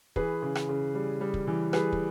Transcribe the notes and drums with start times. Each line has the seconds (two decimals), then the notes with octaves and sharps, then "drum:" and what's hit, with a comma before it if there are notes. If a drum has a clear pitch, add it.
0.16 E3 G#4 B4, drum: kick
0.42 C#3
0.55 drum: rim click
0.69 C#3
0.95 G3
1.21 G3
1.34 drum: kick
1.47 E3
1.73 G3 G#4 B4, drum: rim click
1.93 drum: kick